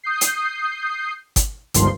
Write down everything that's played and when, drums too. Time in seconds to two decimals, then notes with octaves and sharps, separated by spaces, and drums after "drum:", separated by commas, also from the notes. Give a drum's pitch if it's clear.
0.04 D#6 G6 C7
0.21 drum: hi-hat
1.36 drum: kick G1, hi-hat
1.74 G1 C#2 G2 D#3 F3 C6, drum: hi-hat